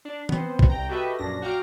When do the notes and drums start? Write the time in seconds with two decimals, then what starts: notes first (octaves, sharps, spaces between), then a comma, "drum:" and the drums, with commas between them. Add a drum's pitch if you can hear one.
0.05 D4
0.29 B3 C4 C5, drum: tom E3
0.59 drum: kick
0.69 C2 G5 A#5
0.89 F#4 G4 A4 B4 D#5 E5
1.18 A#1 F#2 D4 A#6
1.42 F#4 F5 G5 A#5 D6 F6